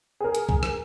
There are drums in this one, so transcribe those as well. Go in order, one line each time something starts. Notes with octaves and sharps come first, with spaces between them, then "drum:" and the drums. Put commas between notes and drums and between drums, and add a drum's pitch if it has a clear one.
G#4 A#4
drum: hi-hat
drum: kick
drum: rim click